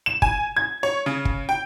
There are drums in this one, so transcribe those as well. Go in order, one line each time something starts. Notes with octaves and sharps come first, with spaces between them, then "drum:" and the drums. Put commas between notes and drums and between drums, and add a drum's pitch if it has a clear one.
E7
G#5, drum: kick
G#6
C#5
C#3
drum: kick
G5